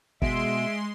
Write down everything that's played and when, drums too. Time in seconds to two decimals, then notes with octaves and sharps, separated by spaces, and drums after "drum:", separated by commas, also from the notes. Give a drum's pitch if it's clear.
0.22 B2 G#3 E5 C6 D7, drum: kick